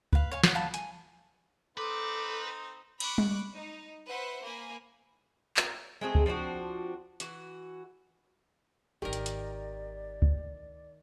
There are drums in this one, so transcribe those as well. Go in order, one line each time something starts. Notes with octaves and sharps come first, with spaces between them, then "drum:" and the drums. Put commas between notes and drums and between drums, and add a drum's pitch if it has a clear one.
B4 F5, drum: kick C#2
C#5 F5 G#5
C#5 F#5, drum: snare
F5 F#5 A5 B5
G#5, drum: hi-hat
C4 D#4 A4 B4 D6
B5 C#6 D6 F#6, drum: cymbal
drum: tom G3
D#4
B4 C5 E5 F#5
A#3 G#5 B5
drum: clap
G#3 A3 C4 G#4
drum: kick C#2
F3 C4 D4 F#4
E3 F#4, drum: hi-hat
D1 G#1 D#3 G4 A#4 D5
drum: hi-hat
drum: hi-hat
drum: kick C#2